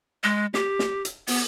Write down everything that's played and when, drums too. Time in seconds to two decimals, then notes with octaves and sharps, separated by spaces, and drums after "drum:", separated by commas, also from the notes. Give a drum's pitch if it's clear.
0.24 G#3
0.54 G4, drum: snare
0.79 drum: snare
1.05 drum: hi-hat
1.27 B3, drum: open hi-hat